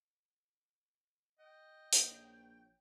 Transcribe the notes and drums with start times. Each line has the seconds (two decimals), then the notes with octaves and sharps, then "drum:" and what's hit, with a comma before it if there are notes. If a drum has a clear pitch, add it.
1.39 D#5 G5
1.93 A#1 C#5, drum: hi-hat